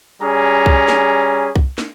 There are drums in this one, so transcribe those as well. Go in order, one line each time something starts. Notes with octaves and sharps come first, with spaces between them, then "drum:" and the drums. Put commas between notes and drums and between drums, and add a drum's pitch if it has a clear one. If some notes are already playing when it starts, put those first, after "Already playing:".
G3 C#4 G#4 A#5
drum: kick C2
drum: snare
drum: kick C2
drum: snare